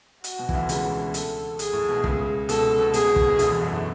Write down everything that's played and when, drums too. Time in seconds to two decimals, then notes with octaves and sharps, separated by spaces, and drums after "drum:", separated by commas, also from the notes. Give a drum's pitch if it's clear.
0.24 F#4, drum: hi-hat
0.39 B2
0.49 E3, drum: kick
0.54 D2 D3
0.69 C#2 C#3, drum: hi-hat
1.14 A4, drum: hi-hat
1.59 G#4, drum: hi-hat
1.73 A2
1.89 B2
2.04 C#2 C#3, drum: kick
2.49 B2 A4, drum: hi-hat
2.64 A2
2.79 B2
2.94 B2 G#4, drum: hi-hat
3.05 B2
3.16 A2, drum: kick
3.27 B2
3.39 D2 D3, drum: hi-hat
3.50 E2 E3
3.61 F#2 F#3
3.72 A2 A3